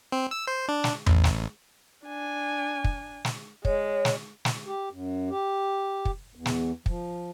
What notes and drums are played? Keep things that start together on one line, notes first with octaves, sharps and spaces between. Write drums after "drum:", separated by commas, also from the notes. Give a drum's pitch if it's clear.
C4
E6
C5
D4
drum: snare
A1, drum: tom E2
drum: snare
D4 G#5
drum: kick
drum: snare
G#3 C#5, drum: kick
drum: snare
drum: snare
G4
F#2
G4
drum: kick
E2
drum: snare
F3, drum: kick